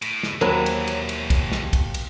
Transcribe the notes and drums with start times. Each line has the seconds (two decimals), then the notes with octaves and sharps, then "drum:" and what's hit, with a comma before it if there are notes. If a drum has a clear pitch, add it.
0.02 A2, drum: cymbal
0.23 drum: snare
0.41 D#2 B2 E3 F#3 A#4 C5 B5
0.66 drum: cymbal
0.87 drum: cymbal
1.09 drum: cymbal
1.30 drum: kick B1, cymbal
1.52 drum: snare
1.73 drum: kick B1, cymbal
1.94 drum: cymbal